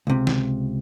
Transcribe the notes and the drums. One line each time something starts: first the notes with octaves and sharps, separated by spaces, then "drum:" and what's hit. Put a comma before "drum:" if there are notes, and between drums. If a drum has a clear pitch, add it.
C#2 C3
drum: snare